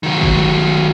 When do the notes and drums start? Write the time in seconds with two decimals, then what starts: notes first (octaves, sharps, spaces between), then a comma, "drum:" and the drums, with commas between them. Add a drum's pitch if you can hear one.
0.03 D#3 F#3
0.21 drum: kick